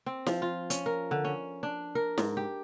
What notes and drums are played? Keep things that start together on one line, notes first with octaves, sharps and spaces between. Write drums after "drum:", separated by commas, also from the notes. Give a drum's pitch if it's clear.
C4
F3, drum: snare
F4
C#4, drum: hi-hat
A#4
D3
C#4
D4
A#4
G#2, drum: snare
G4